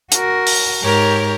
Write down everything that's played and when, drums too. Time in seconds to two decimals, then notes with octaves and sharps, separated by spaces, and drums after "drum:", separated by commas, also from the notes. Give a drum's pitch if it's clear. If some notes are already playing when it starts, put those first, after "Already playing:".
0.12 F#4 A#4, drum: hi-hat
0.47 drum: open hi-hat
0.83 G#2 G4 A#4 C#5